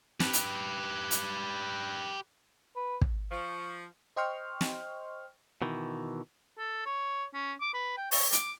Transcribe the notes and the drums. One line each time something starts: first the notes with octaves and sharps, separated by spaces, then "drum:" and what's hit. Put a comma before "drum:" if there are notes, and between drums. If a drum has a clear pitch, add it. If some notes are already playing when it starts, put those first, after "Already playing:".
G4 B4, drum: snare
drum: hi-hat
drum: hi-hat
B4
drum: kick
F3 C#6
C5 D#5 G5 C6 C#6 F6
drum: snare
B2 D#3 E3
A4
C#5
C#4
D6
B4
G5
C#5, drum: open hi-hat
D6, drum: hi-hat